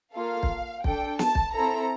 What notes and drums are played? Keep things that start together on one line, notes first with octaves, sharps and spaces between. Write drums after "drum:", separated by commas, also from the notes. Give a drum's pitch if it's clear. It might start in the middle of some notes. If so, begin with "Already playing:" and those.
A#3 F4 A4 F5
drum: kick
D4 A4 G5, drum: kick
A5, drum: snare
drum: kick
C4 E4 A4 A#5